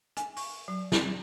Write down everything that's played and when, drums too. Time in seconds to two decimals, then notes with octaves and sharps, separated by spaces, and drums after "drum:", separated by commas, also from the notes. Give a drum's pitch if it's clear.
0.17 G#5, drum: hi-hat
0.37 C#6, drum: open hi-hat
0.68 F#3
0.92 C4, drum: snare